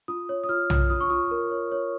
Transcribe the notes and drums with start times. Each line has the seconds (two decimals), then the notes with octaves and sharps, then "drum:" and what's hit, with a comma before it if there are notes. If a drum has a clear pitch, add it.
0.08 F4 D#6
0.29 C#5
0.44 D#6
0.49 F4 F6
0.70 F4, drum: tom
0.90 F4 D#6
1.01 C#6
1.10 F4 D#6
1.31 A#4
1.51 C#5
1.72 C#5